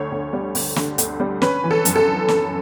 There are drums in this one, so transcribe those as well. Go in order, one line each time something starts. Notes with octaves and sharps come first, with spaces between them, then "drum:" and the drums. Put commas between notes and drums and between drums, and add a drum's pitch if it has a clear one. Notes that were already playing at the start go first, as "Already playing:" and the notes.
Already playing: D2 D3 C#5
D2
G3
D2, drum: open hi-hat
D3, drum: snare
D2, drum: hi-hat
G3
C#4 B4, drum: snare
E3
A4
F#2, drum: hi-hat
A4
drum: snare